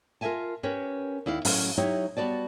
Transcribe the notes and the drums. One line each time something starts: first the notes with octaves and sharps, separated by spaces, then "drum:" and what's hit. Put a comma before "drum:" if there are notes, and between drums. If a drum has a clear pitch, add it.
F4 A#4 D5 E5 G#5 A5
C#4 G4 A#4 B4 C#5
D#2 E4 D5 F5
A2 F#3 C#4 F5, drum: open hi-hat
F#3 D#4 E4 G4 C#5
G3 B3 F#4 D5 A5